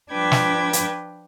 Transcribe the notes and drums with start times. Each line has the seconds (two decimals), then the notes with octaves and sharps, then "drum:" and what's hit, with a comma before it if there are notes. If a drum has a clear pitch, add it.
0.11 F3 D4 B4 G5 D6 G#6
0.32 drum: snare
0.73 drum: hi-hat